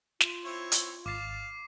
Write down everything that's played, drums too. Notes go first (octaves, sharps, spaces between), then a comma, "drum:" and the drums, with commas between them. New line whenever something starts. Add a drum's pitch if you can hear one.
F4, drum: snare
C4 E4 C#5
drum: hi-hat
G#1 F5 D6 A6 C7 E7